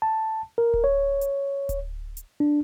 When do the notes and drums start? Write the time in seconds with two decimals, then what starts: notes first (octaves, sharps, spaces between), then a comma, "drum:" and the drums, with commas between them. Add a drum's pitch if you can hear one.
0.02 A5
0.58 A#4
0.74 drum: kick D1
0.84 C#5
1.21 drum: hi-hat
1.69 drum: kick D1, hi-hat
2.17 drum: hi-hat
2.40 D4